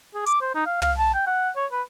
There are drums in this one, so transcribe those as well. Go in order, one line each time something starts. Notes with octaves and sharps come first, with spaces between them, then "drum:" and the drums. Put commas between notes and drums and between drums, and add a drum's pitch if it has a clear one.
G#4
D6, drum: hi-hat
C5
D#4
F5
F5, drum: tom
A5
G5
F#5
C#5
B4